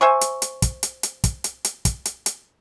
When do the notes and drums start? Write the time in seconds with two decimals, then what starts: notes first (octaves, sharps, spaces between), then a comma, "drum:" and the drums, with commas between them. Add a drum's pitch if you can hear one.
0.01 C5 E5 G#5 C#6
0.21 drum: hi-hat
0.42 drum: hi-hat
0.62 drum: kick, hi-hat
0.83 drum: hi-hat
1.03 drum: hi-hat
1.24 drum: kick, hi-hat
1.44 drum: hi-hat
1.65 drum: hi-hat
1.85 drum: kick, hi-hat
2.05 drum: hi-hat
2.26 drum: hi-hat